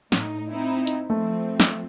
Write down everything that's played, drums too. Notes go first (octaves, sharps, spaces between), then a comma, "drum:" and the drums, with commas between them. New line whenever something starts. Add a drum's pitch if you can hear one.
A2 D#4, drum: snare
C4 D#4 E4
drum: hi-hat
F3 A3 C4
drum: snare